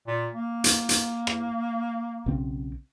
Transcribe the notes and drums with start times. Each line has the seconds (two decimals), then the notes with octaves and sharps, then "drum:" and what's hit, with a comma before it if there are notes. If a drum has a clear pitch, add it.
0.07 A#2
0.32 A#3
0.64 drum: hi-hat
0.89 drum: hi-hat
1.27 drum: rim click
2.26 B1 C#3 C4